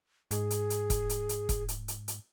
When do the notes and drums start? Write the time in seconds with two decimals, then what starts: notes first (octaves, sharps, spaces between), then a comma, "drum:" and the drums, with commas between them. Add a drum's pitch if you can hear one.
0.31 G#2 G#4, drum: hi-hat
0.50 drum: hi-hat
0.70 drum: hi-hat
0.90 drum: kick E1, hi-hat
1.09 drum: hi-hat
1.29 drum: hi-hat
1.49 drum: kick E1, hi-hat
1.68 drum: hi-hat
1.88 drum: hi-hat
2.08 drum: hi-hat